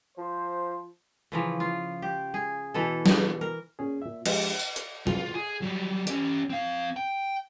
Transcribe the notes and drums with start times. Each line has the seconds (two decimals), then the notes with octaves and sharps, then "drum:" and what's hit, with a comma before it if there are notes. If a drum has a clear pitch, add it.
0.18 F3 C5
1.32 C#3 E3 F3
1.60 F4
2.02 G4
2.34 G#4
2.74 B2 E3 A4
3.06 drum: snare
3.41 A#4
3.79 A#2 C#4 G#4
4.02 A#2 E5
4.26 F3 G#3 D4 G4, drum: cymbal
4.59 drum: tambourine
4.76 drum: hi-hat
5.07 F4, drum: tom
5.34 G#4
5.62 F#3 G3
6.07 C#4 G4, drum: hi-hat
6.50 C4 F5
6.96 G5